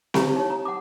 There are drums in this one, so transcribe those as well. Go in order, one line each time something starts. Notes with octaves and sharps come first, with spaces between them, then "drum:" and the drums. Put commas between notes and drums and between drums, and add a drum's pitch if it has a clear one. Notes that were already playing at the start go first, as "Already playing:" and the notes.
D4 E4 G4 F5 A#5 C#6, drum: snare C4
D#4 C#5
A#5
F#5 D6